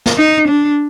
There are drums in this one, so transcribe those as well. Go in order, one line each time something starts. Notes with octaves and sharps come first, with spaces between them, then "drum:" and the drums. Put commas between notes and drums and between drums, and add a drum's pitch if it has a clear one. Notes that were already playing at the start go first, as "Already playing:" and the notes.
drum: snare
D#4
D4